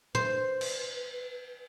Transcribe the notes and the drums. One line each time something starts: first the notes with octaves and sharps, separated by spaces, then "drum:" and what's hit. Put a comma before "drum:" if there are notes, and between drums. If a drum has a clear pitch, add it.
B4 C5, drum: tom
drum: cymbal